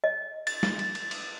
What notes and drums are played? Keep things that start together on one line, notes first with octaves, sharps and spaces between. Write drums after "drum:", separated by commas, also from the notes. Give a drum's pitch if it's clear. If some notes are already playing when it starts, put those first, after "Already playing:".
D#5
A6, drum: cymbal
drum: snare
drum: cymbal
drum: cymbal
drum: cymbal